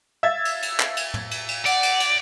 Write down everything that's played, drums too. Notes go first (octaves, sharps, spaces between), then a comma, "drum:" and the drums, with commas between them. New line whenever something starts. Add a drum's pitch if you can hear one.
E5 F5 E6 G#6 A6
drum: cymbal
drum: cymbal
drum: clap
drum: cymbal
drum: tom
drum: cymbal
drum: cymbal
D5 F#5, drum: cymbal
drum: cymbal
drum: cymbal